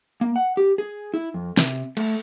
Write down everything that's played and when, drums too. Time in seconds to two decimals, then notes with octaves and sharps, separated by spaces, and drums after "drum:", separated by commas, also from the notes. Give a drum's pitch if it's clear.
0.21 A#3
0.36 F#5
0.57 G4
0.78 G#4
1.14 E4
1.34 F2
1.57 C3, drum: snare
1.97 A3, drum: cymbal